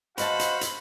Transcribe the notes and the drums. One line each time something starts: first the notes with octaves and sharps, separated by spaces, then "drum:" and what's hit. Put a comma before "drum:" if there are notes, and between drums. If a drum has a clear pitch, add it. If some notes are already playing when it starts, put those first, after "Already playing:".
F#4 B4 C5 D#5 F5 A5 B5, drum: hi-hat
drum: hi-hat
drum: hi-hat